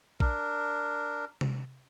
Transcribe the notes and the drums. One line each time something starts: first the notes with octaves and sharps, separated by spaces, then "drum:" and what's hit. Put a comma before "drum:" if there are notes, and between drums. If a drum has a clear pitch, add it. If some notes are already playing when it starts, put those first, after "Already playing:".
D4 A#4, drum: kick A#1
drum: tom C3